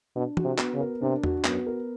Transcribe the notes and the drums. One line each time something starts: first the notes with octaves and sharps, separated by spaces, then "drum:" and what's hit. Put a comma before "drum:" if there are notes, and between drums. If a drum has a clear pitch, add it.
B2 D4
F#4, drum: tom
C3
B3, drum: clap
C#3
A#4
C3 D4
F#4, drum: tom E2
F#2 B3, drum: clap
A#4